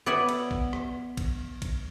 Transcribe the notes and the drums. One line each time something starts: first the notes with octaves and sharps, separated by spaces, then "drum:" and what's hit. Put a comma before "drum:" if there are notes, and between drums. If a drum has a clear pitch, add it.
B3 D5 E5 F#5 G#5
drum: cymbal
drum: kick
drum: rim click
drum: kick, cymbal
drum: kick, cymbal